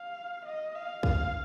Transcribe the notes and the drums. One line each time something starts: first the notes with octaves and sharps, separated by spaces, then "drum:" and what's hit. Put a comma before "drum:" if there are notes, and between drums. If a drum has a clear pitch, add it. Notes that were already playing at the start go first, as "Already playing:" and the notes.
Already playing: F5
D#5
F5
F5, drum: kick